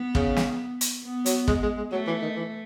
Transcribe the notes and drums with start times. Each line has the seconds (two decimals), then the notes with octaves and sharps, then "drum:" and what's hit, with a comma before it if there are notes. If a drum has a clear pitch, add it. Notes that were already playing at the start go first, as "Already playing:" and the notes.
Already playing: B3
0.15 C#3, drum: kick
0.37 drum: snare
0.81 drum: hi-hat
1.03 B3
1.26 F#3, drum: hi-hat
1.48 G#3, drum: kick
1.62 G#3
1.77 G#3
1.92 F#3 A3
2.07 E3
2.22 D#3
2.36 E3